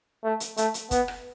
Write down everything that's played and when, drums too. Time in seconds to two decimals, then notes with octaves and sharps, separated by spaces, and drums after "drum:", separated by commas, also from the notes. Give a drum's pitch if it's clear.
0.24 A3
0.40 drum: hi-hat
0.57 A3, drum: hi-hat
0.74 drum: hi-hat
0.91 B3, drum: kick, hi-hat
1.08 drum: rim click